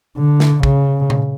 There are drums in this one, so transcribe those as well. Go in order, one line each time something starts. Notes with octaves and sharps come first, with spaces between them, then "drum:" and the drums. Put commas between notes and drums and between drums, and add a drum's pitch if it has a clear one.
D3
drum: snare
C#3, drum: kick
drum: tom A#2